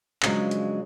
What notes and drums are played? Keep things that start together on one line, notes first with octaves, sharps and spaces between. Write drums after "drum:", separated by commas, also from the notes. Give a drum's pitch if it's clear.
C#3 F3 F#3 G#3 D4, drum: clap
drum: hi-hat